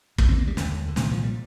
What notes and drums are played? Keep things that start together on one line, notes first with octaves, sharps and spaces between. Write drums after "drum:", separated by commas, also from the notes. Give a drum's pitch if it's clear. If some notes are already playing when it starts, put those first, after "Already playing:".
D#2 D3 A3, drum: kick
C4
A#3
G3
D#2 D3 A3, drum: snare
D3
C2 A#2 D#3, drum: snare
F3
G3